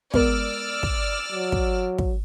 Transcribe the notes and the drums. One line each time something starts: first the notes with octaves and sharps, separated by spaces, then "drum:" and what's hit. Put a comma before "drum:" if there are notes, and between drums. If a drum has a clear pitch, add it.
G#3 B3 A#4 D5 E6 F6, drum: kick
drum: kick
F#3
drum: kick
drum: kick